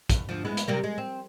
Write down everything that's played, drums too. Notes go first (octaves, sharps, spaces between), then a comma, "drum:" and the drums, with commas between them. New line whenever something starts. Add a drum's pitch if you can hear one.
E2, drum: kick, hi-hat
D2 F3
G#3 B3 E4
drum: hi-hat
C3 G3 A#3
G#3
C4